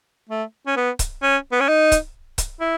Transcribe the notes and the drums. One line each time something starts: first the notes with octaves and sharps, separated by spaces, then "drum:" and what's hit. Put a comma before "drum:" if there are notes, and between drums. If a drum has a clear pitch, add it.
A3
C#4
B3
drum: kick C#1, hi-hat
C#4
B3
C#4
D#4
drum: kick C#1, hi-hat
drum: kick C#1, hi-hat
E4